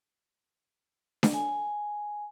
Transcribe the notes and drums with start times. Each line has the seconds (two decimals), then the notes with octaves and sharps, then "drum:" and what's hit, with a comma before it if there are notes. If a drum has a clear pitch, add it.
1.23 drum: snare D4
1.34 G#5